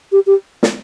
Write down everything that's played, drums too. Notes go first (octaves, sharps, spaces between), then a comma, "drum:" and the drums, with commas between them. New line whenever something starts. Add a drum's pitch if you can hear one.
G4
G4
drum: snare